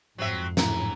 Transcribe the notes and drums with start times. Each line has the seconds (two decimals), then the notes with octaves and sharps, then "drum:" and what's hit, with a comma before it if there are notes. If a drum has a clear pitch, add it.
0.18 F2 G#2 F#3 C4 E5
0.57 A2 E3 A#5, drum: snare